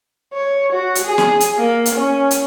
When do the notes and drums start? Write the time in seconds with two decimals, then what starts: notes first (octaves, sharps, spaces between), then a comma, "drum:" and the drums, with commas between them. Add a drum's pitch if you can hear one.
0.33 C#5
0.73 F#4
0.95 drum: hi-hat
1.04 G#4
1.18 drum: snare
1.40 drum: hi-hat
1.58 A#3
1.86 drum: hi-hat
1.95 C#4
2.31 drum: hi-hat